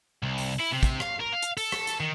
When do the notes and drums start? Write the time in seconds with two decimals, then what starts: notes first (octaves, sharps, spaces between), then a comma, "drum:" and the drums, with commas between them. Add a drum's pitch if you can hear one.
0.23 C2
0.38 drum: open hi-hat
0.59 E4
0.72 C3
0.83 drum: kick, hi-hat
1.00 F5, drum: rim click
1.20 A#4
1.32 F5
1.42 drum: hi-hat
1.57 A4, drum: open hi-hat
1.72 drum: rim click
1.87 drum: hi-hat
2.00 D#3